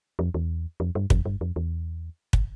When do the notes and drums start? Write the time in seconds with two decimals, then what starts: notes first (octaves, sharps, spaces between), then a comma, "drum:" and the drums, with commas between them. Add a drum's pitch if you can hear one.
0.19 F2
0.34 E2
0.80 F2
0.95 G2
1.10 F2, drum: kick
1.25 G2
1.41 F2
1.56 E2
2.33 drum: kick